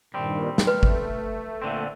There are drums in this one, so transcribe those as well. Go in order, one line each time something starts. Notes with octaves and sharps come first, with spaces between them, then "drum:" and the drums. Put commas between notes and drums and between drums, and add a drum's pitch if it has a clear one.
G2 A#2 D#3 G3 C4
drum: snare
A3 B4
drum: kick G1
A#2 D3 C4